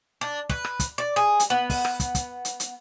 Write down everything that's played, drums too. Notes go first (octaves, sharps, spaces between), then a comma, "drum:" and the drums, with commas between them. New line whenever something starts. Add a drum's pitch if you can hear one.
D4
B4, drum: kick
drum: rim click
drum: kick, hi-hat
D5
G#4
drum: hi-hat
B3
drum: kick, open hi-hat
drum: rim click
drum: kick, hi-hat
drum: kick, hi-hat
drum: hi-hat
drum: hi-hat